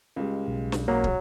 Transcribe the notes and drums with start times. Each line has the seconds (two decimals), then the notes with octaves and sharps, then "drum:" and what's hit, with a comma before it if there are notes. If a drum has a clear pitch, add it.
0.16 C#2 G3 G#3
0.48 B1
0.72 drum: snare
0.88 F#3 A#3
1.04 drum: kick